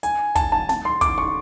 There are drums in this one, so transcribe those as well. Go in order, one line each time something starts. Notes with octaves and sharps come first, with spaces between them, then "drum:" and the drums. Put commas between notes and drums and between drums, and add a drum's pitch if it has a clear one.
G#5, drum: hi-hat
A5, drum: kick, hi-hat
A5
A5, drum: snare
C6
D6, drum: kick, hi-hat
C#6